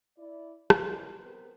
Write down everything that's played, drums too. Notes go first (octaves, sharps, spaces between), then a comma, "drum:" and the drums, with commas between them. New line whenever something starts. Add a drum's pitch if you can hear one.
E4 D5
F2 B2 F3 E4 A#4 C#5, drum: rim click
B3 C4 A#4 B4